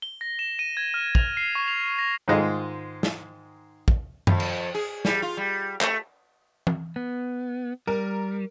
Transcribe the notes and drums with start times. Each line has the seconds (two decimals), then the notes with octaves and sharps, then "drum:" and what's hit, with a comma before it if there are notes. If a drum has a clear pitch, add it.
0.02 G7
0.21 A#6
0.39 E7
0.59 D#7
0.77 G#6
0.94 F6
1.15 F7, drum: kick
1.37 C7
1.55 C#6
1.68 F7
1.99 A#6
2.28 G#2 D#3 G#3 F4 D#5
3.03 drum: snare
3.88 drum: kick
4.27 F2, drum: tom F#2
4.40 drum: cymbal
4.74 G#4
5.05 G3, drum: snare
5.22 F4
5.37 G3
5.81 A3, drum: clap
6.67 drum: tom E3
6.96 B3
7.87 G3 A#4